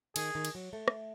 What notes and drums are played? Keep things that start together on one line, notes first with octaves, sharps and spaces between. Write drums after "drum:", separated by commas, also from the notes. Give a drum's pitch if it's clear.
D#3 G#4, drum: cymbal
D#3
drum: cymbal
F#3
A3
drum: rim click